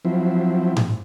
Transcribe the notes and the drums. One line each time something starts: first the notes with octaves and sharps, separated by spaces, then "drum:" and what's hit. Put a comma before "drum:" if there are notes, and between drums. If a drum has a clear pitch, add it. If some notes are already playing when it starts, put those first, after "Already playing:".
F3 F#3 C4 E4
drum: tom G#2